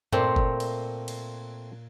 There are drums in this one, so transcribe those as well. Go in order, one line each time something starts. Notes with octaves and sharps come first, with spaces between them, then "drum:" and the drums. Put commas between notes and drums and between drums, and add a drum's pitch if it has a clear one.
A#2 A3 C4 C5, drum: tom G2
drum: kick G1
drum: cymbal
drum: cymbal